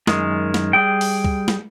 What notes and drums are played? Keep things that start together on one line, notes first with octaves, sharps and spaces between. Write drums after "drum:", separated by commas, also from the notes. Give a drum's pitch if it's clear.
F#2 D#3 G#3, drum: snare
drum: snare
G3 G#4 G5
drum: open hi-hat
drum: kick C#2
drum: snare